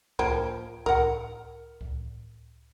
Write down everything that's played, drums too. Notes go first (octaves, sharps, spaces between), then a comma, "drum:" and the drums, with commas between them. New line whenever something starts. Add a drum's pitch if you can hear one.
F3 A#3 G5, drum: kick C#2
A#4 F#5, drum: kick C#2
drum: kick C#2